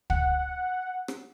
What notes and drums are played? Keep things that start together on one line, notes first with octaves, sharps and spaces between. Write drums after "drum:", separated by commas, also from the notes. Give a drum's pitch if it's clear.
F#5, drum: kick
drum: rim click